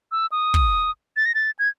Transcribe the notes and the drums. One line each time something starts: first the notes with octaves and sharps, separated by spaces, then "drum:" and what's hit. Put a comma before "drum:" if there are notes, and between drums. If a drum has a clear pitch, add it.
E6
D#6
drum: kick
A6
A#6
A6
G#6